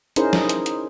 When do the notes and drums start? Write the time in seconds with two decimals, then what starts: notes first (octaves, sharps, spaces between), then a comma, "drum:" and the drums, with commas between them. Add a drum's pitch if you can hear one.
0.16 C#4 D#4 E4 G#4 A#4 C5, drum: hi-hat
0.33 drum: snare
0.49 drum: hi-hat
0.66 drum: hi-hat